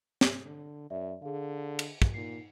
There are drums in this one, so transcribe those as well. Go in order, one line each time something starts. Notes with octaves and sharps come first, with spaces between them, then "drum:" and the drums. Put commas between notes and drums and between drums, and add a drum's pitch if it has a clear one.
drum: snare
D3
F#2 D5 E5
D3 G#4 F5
drum: cymbal
drum: kick
A#2 D#4 C7